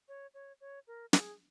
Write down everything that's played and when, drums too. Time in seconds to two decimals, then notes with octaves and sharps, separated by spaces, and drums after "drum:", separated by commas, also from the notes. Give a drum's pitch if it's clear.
0.08 C#5
0.34 C#5
0.61 C#5
0.87 A#4
1.13 G#4, drum: snare